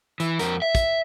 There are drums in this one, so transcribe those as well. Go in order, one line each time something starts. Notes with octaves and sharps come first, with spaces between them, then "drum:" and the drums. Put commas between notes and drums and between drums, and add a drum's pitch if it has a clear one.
E3, drum: hi-hat
F2 A#4, drum: hi-hat
E5
drum: kick, hi-hat